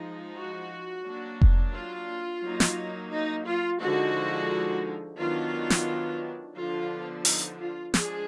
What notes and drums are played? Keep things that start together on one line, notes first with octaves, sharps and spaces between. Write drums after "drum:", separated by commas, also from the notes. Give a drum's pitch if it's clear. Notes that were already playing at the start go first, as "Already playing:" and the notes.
Already playing: F3 G#3 D#4
F#4
F#3 A#3 D4
drum: kick F1
F4
F#3 A#3 D#4
drum: snare
D#4
F4
D3 F3 G#3 D#4 F#4
D#3 F#3 B3 D4 F4
drum: snare
D3 F3 B3 D4 F4
D#4, drum: open hi-hat
F4
F3 G#3 D4 G#4, drum: snare